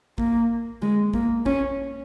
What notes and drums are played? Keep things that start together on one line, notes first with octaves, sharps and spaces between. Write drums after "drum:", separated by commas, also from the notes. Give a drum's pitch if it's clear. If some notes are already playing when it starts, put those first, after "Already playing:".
A#3, drum: kick
G#3, drum: tom D3
A#3, drum: kick
C#4, drum: kick